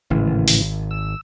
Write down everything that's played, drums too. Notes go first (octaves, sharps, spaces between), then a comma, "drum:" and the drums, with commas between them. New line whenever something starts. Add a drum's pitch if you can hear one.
G#1 A2 C#3 E3
drum: open hi-hat
E6